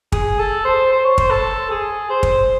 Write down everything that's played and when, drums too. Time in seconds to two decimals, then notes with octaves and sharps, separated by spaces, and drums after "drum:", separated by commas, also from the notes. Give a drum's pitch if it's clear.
0.12 G#4, drum: kick
0.39 A4
0.65 C5
0.91 C5
1.04 C#5
1.18 C5, drum: kick
1.31 A4
1.71 G#4
2.10 C5
2.23 drum: kick